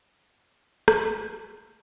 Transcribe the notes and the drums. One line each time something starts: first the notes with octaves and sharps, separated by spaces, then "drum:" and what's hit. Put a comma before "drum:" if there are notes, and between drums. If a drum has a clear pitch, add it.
F#1 E2 B2 C4
drum: rim click